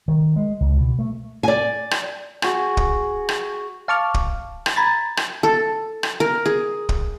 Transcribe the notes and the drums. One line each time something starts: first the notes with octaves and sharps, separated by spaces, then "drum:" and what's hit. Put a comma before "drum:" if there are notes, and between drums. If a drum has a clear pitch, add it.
D#3
G#3
C#2
B2
A3
D5 G#5
drum: rim click
F#4 G#4, drum: rim click
drum: kick
drum: rim click
F5 A5 C#6 D6 F6
drum: kick
drum: rim click
A#5 B5 G#6 A6
drum: rim click
A4
drum: rim click
A#4
G#4
drum: kick